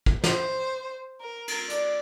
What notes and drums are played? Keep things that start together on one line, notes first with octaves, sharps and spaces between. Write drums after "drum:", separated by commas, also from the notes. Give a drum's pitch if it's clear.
drum: kick
C5, drum: snare
A#4
drum: cymbal
D5, drum: hi-hat